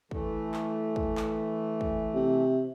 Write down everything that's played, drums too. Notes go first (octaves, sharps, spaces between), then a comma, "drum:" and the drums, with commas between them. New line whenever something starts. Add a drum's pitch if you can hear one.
E3 A3, drum: kick
drum: clap
drum: kick
drum: clap
drum: kick
C3